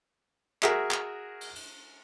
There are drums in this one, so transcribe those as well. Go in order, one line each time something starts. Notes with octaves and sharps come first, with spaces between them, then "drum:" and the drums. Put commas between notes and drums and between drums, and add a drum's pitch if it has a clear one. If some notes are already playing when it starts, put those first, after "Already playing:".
F#4 G#4 A#4 E5, drum: clap
drum: clap
drum: cymbal
drum: cymbal